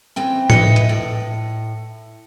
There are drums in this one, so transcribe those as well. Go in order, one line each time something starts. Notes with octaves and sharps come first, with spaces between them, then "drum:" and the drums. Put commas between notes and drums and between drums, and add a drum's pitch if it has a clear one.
E3 C4 G5
B4 D#5 E5 C#7, drum: tom A2
drum: hi-hat
A2